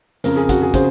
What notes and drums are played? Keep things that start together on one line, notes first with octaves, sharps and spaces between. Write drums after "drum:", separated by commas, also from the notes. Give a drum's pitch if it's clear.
F2 C#3 A#4, drum: hi-hat
G#4
F#4, drum: kick, hi-hat
G#4
C#3 C5, drum: kick, hi-hat